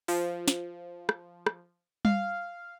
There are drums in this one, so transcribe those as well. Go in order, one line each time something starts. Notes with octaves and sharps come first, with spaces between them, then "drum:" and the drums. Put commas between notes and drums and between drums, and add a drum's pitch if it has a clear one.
F3, drum: open hi-hat
drum: snare
drum: rim click
drum: rim click
F5, drum: tom G3